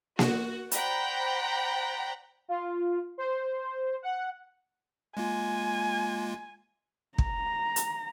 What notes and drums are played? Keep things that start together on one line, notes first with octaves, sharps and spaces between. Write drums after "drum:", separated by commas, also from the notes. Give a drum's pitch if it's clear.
F#4 F#5, drum: snare A#3
C5 D5 F#5 G5 A#5 B5, drum: hi-hat
F4
C5
F#5
G#3 A#3 F4 G#5
A#5, drum: kick
drum: hi-hat